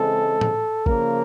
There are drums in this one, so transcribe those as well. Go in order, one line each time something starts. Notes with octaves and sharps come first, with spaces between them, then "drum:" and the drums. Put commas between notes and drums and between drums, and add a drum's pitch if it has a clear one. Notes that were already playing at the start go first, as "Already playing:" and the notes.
Already playing: C#3 E3 G#3 C4 A4
drum: tom A2
C#3 F3 A#3 A#4, drum: kick